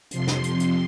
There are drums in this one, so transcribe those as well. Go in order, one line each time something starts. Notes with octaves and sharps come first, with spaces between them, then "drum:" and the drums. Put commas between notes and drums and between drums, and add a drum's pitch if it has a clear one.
F2 C3 F3 C6, drum: hi-hat
drum: snare
drum: hi-hat
drum: hi-hat